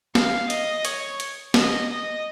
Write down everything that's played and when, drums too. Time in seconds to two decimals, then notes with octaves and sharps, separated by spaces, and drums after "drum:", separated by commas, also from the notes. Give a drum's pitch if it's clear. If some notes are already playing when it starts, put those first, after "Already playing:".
0.15 F5, drum: snare
0.50 D#5, drum: hi-hat
0.85 C#5, drum: hi-hat
1.20 drum: hi-hat
1.54 D#5, drum: snare
1.89 D#5